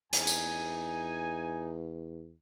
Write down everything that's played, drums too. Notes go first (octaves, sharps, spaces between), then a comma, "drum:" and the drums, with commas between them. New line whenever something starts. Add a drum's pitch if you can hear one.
E2 D#4 G#5, drum: hi-hat
drum: tambourine